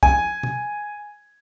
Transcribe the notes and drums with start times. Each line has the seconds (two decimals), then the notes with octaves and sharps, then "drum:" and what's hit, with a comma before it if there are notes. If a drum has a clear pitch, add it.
0.03 G#5, drum: kick
0.43 drum: tom